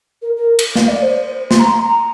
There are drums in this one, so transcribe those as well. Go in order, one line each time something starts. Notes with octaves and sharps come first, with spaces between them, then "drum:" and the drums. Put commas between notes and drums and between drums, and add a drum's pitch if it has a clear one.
A#4
A#4
drum: cymbal
F5, drum: snare
D5
C5
C6, drum: snare
A#5
C6
A#5